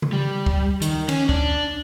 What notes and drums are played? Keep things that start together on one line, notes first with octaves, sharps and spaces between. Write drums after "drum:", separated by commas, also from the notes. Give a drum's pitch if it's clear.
drum: tom C#3
G3
drum: kick
D#3, drum: hi-hat
C#4, drum: cymbal
D4, drum: kick